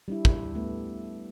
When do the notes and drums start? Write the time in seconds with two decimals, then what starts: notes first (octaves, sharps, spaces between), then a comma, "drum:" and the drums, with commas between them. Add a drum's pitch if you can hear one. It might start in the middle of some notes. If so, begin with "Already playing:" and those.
0.08 G3 D4 E4
0.25 drum: kick
0.55 A3 B3